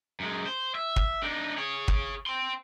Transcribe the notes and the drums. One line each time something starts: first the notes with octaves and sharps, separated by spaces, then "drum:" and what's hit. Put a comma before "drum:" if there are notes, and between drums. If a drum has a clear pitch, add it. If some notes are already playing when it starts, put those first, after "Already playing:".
F#2 G#3
C5
E5
drum: kick
D4 D#4
G#4 C#5
drum: kick
G5 C6